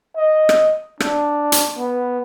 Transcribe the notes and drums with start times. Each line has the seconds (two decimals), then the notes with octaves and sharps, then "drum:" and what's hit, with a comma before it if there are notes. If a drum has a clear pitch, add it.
0.17 D#5
0.49 drum: rim click
1.00 D4, drum: rim click
1.52 drum: hi-hat
1.78 B3